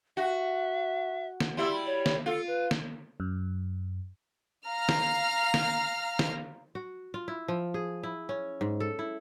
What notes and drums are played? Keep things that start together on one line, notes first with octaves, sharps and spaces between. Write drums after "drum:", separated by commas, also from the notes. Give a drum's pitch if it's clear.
F#4 E5
drum: snare
G3 E4 E5 C6
C#5
drum: snare
F4 A4
B4
drum: snare
F#2
F5 A#5 F6
drum: snare
drum: snare
drum: snare
F#4
F4
E4
F3
G#4
E4
C#4
G#2
A4
E4